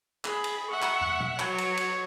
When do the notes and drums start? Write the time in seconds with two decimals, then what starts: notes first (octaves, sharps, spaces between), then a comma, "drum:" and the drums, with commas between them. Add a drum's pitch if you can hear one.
0.25 G#4 B5, drum: clap
0.44 drum: cymbal
0.70 E5 F#5 C#6
0.82 drum: clap
1.01 drum: tom
1.20 drum: tom B2
1.39 F#3 C#5, drum: clap
1.58 drum: cymbal
1.77 drum: cymbal